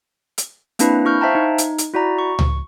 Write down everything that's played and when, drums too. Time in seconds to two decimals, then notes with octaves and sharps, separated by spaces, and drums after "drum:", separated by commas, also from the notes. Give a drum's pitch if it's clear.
0.38 drum: hi-hat
0.79 A#3 C4 D4 E4 B4, drum: hi-hat
1.05 E4 C#6 F6 G6
1.21 C5 E5 F5 G5 A5 A#5
1.35 D#4
1.58 drum: hi-hat
1.78 drum: hi-hat
1.94 E4 F#4 D5 A#5
2.19 C#6
2.39 drum: tom C#2